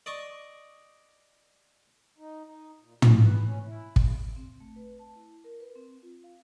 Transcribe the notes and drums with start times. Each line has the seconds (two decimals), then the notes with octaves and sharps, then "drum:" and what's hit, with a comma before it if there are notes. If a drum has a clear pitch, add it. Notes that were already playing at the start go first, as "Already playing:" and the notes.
0.06 D5 D#5 C#6 D#6
2.18 D#4
2.46 D#4
2.80 A#2
3.02 G#4, drum: tom
3.21 B4
3.44 C#4
3.65 E4
3.96 C#3, drum: kick
4.36 C4
4.60 A3
4.76 B4
4.99 A5
5.16 E4
5.44 A#4
5.60 B4
5.75 C4
6.03 F4
6.24 F5